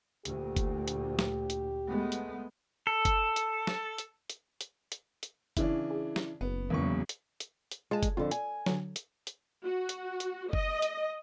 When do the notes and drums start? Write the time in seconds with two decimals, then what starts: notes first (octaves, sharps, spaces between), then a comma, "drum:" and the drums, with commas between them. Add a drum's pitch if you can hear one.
0.25 D2 A#2 G4, drum: hi-hat
0.56 drum: kick F#1, hi-hat
0.88 drum: hi-hat
1.19 drum: snare
1.50 drum: hi-hat
1.88 G#3 A3 B3
2.12 drum: hi-hat
2.87 A4
3.05 drum: kick F#1, hi-hat
3.36 drum: hi-hat
3.67 drum: snare
3.98 drum: hi-hat
4.30 drum: hi-hat
4.61 drum: hi-hat
4.92 drum: hi-hat
5.23 drum: hi-hat
5.57 C#3 E3 D4 E4, drum: kick F#1, hi-hat
5.90 G#4
6.16 drum: snare
6.41 F#1 B3
6.70 E1 E2 C#3 F#3 A#3 C#6
7.09 drum: hi-hat
7.40 drum: hi-hat
7.72 drum: hi-hat
7.91 G#3 F4 A5
8.03 drum: kick F#1, hi-hat
8.17 F2 D3 F4
8.31 G#5, drum: hi-hat
8.66 D3 F#3, drum: snare
8.96 drum: hi-hat
9.27 drum: hi-hat
9.65 F#4
9.89 drum: hi-hat
10.20 drum: hi-hat
10.53 D#5, drum: kick F#1
10.82 drum: hi-hat